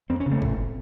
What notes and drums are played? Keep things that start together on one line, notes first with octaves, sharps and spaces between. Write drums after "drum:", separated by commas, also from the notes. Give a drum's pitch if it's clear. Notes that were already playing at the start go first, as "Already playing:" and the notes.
F2 C4
C#4
C#3
A3 C4
A2, drum: kick